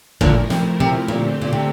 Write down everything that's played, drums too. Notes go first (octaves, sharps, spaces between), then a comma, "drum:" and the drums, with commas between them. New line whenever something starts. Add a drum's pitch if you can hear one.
A#2 D3 F3 A3 E4 A#4, drum: kick
C3, drum: snare
C3
A#2 D3 A3 C4 G4
A#2
C3